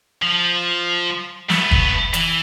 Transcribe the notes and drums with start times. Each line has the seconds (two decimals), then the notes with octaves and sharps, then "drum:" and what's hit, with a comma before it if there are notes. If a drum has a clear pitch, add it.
0.22 F3
1.50 A3 B3, drum: snare
1.71 drum: kick
2.13 E3, drum: hi-hat